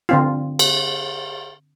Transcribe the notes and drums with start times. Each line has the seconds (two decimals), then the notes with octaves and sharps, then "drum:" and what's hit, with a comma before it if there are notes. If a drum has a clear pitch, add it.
0.09 D3 C4 F4
0.59 drum: cymbal